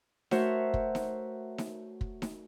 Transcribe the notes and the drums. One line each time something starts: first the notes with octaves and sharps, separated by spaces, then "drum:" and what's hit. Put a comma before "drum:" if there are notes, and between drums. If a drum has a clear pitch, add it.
A3 F#4 A#4 C5 C#5 E5, drum: snare D#4
drum: kick
drum: snare D#4
drum: snare D#4
drum: kick
drum: snare D#4